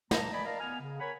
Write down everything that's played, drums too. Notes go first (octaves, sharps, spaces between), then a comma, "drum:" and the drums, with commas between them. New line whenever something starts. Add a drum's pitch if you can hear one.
A#2 E3 A#3 D#4 A5 A#5, drum: snare
G#3 D5 D#5 G#5 B5
A#4 D5 D#5 F5 A5 A#5
B3 G#5 F6
C#3
A#4 C#5 F#5 G#5 B5